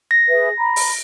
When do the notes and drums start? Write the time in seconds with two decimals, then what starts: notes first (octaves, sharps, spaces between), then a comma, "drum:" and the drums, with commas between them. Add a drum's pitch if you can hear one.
0.11 A#6
0.28 G#4 B4 E5
0.58 A#5 B5
0.76 drum: open hi-hat